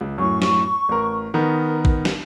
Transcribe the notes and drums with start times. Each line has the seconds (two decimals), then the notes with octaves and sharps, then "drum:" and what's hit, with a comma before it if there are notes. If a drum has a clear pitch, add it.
0.01 C#2
0.18 F#2 A2 C#6
0.42 drum: snare
0.89 A1 A#4
1.34 D#3 B3 D#4 A#4
1.85 drum: kick
2.05 drum: snare